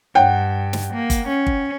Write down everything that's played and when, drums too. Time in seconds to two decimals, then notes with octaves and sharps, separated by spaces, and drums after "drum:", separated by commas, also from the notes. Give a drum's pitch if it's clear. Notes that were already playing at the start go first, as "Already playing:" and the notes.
0.15 G2 F#5 G5
0.73 drum: snare
0.94 A#3
1.10 drum: kick G1, hi-hat
1.28 C#4
1.47 drum: kick G1